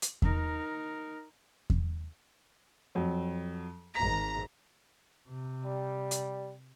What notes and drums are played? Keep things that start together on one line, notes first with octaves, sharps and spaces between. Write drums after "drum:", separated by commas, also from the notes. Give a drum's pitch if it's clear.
drum: hi-hat
D#4 A#4, drum: kick E2
drum: kick E2
F2 F#3
G#1 A#5 B6
C3
G3
drum: hi-hat